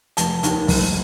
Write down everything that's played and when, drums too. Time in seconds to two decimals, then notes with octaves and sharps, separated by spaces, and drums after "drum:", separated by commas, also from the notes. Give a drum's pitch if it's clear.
0.17 F1 A5, drum: hi-hat
0.43 D#2 D#3, drum: hi-hat
0.68 F#1, drum: kick, open hi-hat